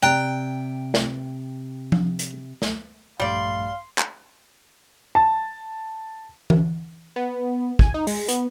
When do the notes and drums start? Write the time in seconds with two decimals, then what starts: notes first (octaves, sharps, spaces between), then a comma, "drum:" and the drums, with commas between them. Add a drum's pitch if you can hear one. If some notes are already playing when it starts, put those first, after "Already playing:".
0.03 C3 D5 G5 A#5 F#6
0.94 drum: snare
1.92 drum: tom F3
2.19 drum: hi-hat
2.62 drum: snare
3.20 A#1 G2 G3 A3 D5 F5 C6
3.98 drum: clap
5.15 A5
6.50 drum: tom E3
7.16 B3
7.79 G#5, drum: kick
7.94 D#4
8.07 G#3, drum: open hi-hat
8.28 B3, drum: hi-hat